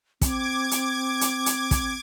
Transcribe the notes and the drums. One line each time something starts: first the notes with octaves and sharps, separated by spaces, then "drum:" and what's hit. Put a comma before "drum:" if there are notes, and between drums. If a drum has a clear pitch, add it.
C4 D6 G#6, drum: kick, hi-hat
drum: hi-hat
drum: hi-hat
drum: hi-hat
drum: kick, hi-hat